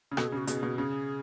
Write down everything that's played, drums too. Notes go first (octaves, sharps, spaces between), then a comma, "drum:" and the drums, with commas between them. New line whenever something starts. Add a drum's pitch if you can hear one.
C#3
B2 A4, drum: rim click
C#3 G#4
F#4
B2 G#4, drum: hi-hat
B2
C#3 G#4